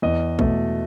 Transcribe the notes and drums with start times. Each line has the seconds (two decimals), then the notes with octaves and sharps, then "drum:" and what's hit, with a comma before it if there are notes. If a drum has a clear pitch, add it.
0.02 E2 D#5
0.39 B2 A3, drum: kick